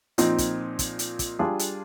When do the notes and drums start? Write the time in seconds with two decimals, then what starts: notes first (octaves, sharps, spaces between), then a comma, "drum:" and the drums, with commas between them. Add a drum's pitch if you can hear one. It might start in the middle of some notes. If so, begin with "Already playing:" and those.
0.18 A#2 F3 C4 D#4, drum: hi-hat
0.38 drum: kick, hi-hat
0.79 drum: kick, hi-hat
0.99 drum: hi-hat
1.19 drum: kick, hi-hat
1.39 G3 D4 F4 G#4
1.59 drum: hi-hat